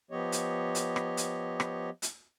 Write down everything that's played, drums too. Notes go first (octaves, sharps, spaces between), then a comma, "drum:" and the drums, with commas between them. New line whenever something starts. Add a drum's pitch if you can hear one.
F3 B3 G4 C#5 D#5
drum: hi-hat
drum: hi-hat
drum: rim click
drum: hi-hat
drum: rim click
drum: hi-hat